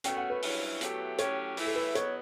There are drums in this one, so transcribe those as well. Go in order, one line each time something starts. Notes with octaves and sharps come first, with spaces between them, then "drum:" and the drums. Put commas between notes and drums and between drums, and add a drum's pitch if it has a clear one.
B2 A3 C#4 G5, drum: hi-hat
F#5
B4
G2 F#3 C#4 E4, drum: open hi-hat
B2 F#3 A3 E4 G4, drum: hi-hat
A2 F#3 C#4 G4 C#5, drum: hi-hat
E3 A3 E4, drum: open hi-hat
A4
B4
E2 B2 F#3 B3 C#5, drum: hi-hat